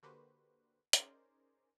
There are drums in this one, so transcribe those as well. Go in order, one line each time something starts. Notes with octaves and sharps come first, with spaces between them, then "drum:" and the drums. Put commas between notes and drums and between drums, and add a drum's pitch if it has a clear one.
D3 A#3 F#4 G4 B4 C5
C#4 D#4 G#4 A#4 C5 D5, drum: hi-hat